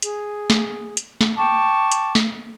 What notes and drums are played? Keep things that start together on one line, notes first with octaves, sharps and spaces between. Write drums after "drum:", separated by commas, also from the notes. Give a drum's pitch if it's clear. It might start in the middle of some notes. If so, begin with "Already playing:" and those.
G#4, drum: hi-hat
drum: snare
drum: hi-hat
drum: snare
G5 A5 C#6 D6
drum: hi-hat
drum: snare